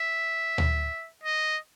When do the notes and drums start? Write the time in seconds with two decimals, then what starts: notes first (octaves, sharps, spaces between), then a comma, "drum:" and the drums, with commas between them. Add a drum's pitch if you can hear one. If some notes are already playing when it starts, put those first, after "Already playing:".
Already playing: E5
0.58 drum: tom D2
1.23 D#5